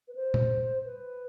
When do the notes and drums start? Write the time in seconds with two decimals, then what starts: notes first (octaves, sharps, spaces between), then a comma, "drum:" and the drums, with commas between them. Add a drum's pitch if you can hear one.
0.08 B4
0.15 C5
0.34 drum: tom A#2
0.85 B4